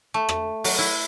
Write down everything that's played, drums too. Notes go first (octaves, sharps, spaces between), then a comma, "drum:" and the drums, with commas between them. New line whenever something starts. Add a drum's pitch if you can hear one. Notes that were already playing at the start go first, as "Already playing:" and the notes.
A3
drum: rim click
F#3, drum: open hi-hat
E4